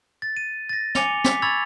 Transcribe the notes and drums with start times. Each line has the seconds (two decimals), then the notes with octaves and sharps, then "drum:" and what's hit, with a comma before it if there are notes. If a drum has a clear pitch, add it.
0.22 A6
0.37 D#7
0.69 A6 A#6
0.95 G#5 D6 C#7 F7 G7, drum: snare
1.24 D6 B6, drum: snare
1.42 B5 C#6 E6 G#6 A6 F7